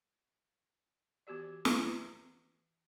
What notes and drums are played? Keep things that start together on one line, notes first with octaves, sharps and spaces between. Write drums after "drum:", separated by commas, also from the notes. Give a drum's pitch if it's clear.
E3 B3 F#4 G4 D5
drum: snare